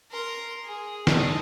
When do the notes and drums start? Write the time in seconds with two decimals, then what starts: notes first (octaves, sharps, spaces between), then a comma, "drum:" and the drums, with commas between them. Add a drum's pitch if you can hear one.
0.11 A#4 C6
0.64 G#4
1.07 D#4 A4, drum: snare